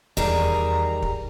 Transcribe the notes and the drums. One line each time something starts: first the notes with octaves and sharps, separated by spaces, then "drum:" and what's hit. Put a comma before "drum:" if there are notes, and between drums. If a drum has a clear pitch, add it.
E2 D#3 G3 G#4 D5 A#5, drum: kick
drum: kick